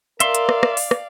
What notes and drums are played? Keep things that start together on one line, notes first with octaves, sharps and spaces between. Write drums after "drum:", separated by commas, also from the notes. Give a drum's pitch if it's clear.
A#4 D5 E5 F5 C6, drum: hi-hat
drum: hi-hat
drum: rim click
drum: rim click
drum: open hi-hat
drum: rim click